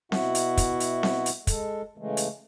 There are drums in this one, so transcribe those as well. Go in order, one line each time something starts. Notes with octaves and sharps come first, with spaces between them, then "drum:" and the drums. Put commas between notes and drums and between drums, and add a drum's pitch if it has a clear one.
B2 E4 F#4 E5 F#5, drum: snare C4
drum: hi-hat
drum: kick, hi-hat
drum: hi-hat
drum: snare C4
drum: hi-hat
G#3 A4, drum: kick, hi-hat
C#3 E3 G#3 A3
drum: hi-hat